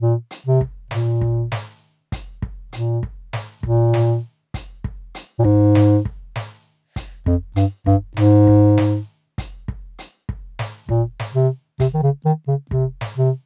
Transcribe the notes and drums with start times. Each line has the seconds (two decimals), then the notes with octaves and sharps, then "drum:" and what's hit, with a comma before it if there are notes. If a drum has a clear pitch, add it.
0.01 A#2
0.31 drum: hi-hat
0.46 C3
0.61 drum: kick
0.91 A#2, drum: snare
1.21 drum: kick
1.52 drum: snare
2.12 drum: kick, hi-hat
2.42 drum: kick
2.73 A#2, drum: hi-hat
3.03 drum: kick
3.33 drum: snare
3.63 A#2, drum: kick
3.94 drum: snare
4.54 drum: kick, hi-hat
4.84 drum: kick
5.15 drum: hi-hat
5.39 A#2
5.44 G#2, drum: kick
5.75 drum: snare
6.05 drum: kick
6.36 drum: snare
6.96 drum: kick, hi-hat
7.26 F2, drum: kick
7.56 G2, drum: hi-hat
7.86 G2, drum: kick
8.17 G#2, drum: snare
8.47 drum: kick
8.78 drum: snare
9.38 drum: kick, hi-hat
9.68 drum: kick
9.99 drum: hi-hat
10.29 drum: kick
10.59 drum: snare
10.89 A#2, drum: kick
11.19 drum: snare
11.34 C3
11.80 C3, drum: kick, hi-hat
11.94 D#3
12.02 C#3
12.25 D#3
12.48 C#3
12.71 C3, drum: kick
13.01 drum: snare
13.17 C3